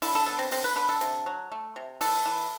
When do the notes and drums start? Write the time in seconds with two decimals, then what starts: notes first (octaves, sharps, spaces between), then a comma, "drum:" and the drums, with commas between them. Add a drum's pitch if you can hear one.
0.02 D3 E4, drum: open hi-hat
0.15 A4
0.26 B3 A4
0.39 C4
0.51 D3 C4, drum: open hi-hat
0.64 B4
0.76 D3 B4
0.89 A4
1.01 C3, drum: hi-hat
1.26 F#3
1.52 A3
1.76 C3
2.01 E3 A4, drum: open hi-hat
2.26 E3